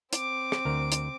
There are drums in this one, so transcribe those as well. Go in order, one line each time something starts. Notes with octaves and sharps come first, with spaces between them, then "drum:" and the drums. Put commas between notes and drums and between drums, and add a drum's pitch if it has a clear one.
C4 D6, drum: hi-hat
drum: rim click
D2 A#4
drum: hi-hat